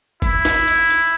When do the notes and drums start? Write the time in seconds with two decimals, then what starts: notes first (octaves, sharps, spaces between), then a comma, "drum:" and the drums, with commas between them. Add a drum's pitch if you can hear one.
0.22 E4, drum: kick F#1, hi-hat
0.45 drum: snare
0.68 drum: hi-hat
0.90 drum: hi-hat